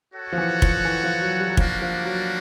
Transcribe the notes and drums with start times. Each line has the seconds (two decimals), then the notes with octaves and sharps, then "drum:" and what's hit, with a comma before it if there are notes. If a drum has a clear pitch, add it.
0.13 F#4 A4 C#5 F#5
0.32 F3
0.38 E3
0.62 F3, drum: kick
0.85 E3
1.04 F3
1.21 F#3
1.39 G3
1.49 F#3
1.57 F3 G3 A#3 D4 F#4, drum: kick
1.82 F3
2.05 F#3